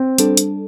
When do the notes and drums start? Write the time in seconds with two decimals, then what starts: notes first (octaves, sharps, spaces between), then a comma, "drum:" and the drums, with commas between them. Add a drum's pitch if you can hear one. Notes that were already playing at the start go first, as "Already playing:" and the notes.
Already playing: C4
0.18 G3 D4 A4, drum: hi-hat
0.37 drum: hi-hat